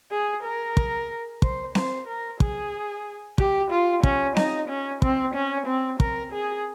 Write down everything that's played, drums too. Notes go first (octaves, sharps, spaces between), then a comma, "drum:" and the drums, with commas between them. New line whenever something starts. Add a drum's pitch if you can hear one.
G#4
A#4
drum: kick
C5, drum: kick
C5, drum: snare C4
A#4
G#4, drum: kick
G4, drum: kick
F4
C#4, drum: kick
D#4, drum: snare C4
C#4
C4, drum: kick
C#4
C4
A#4, drum: kick
G#4